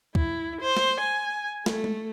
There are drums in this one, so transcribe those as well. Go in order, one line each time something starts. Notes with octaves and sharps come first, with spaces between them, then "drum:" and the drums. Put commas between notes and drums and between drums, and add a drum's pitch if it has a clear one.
E4, drum: kick C#2
C5
drum: snare
G#5
A3, drum: snare
drum: tom G#3